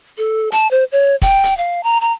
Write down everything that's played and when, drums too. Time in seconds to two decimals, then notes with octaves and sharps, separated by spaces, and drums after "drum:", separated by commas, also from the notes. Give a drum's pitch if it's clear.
0.18 A4
0.52 A5, drum: hi-hat
0.71 C5
0.92 C#5
1.22 G5, drum: kick, hi-hat
1.44 drum: hi-hat
1.58 F5
1.83 A#5
2.01 A#5